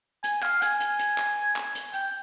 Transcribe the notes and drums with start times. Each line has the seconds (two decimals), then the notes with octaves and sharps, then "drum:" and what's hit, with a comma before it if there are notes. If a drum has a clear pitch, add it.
0.24 G#5, drum: hi-hat
0.43 F5, drum: clap
0.62 G#5, drum: hi-hat
0.80 drum: hi-hat
0.99 drum: hi-hat
1.18 drum: clap
1.56 drum: clap
1.75 drum: hi-hat
1.94 G5, drum: hi-hat